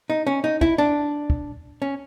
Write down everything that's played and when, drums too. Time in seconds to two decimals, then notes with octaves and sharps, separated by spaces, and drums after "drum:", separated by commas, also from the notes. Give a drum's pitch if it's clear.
0.10 D#4
0.27 C#4
0.44 D#4
0.61 E4, drum: kick
0.78 D4
1.30 drum: kick
1.82 C#4